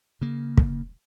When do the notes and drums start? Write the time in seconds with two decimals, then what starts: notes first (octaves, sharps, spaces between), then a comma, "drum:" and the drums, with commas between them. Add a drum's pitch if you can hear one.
0.21 C#3 A#3
0.57 drum: kick